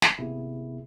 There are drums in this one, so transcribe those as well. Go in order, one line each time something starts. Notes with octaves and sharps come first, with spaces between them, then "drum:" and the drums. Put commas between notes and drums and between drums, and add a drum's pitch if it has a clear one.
drum: snare
G#1 C3 A#3 B3 E4 G#4